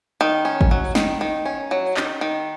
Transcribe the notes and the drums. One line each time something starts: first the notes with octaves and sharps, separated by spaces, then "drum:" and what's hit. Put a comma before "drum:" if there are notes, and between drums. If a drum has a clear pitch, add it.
D#3
C#4
drum: kick
F#3
D#3, drum: snare
D#3
C#4
F#3
D#3, drum: clap
D#3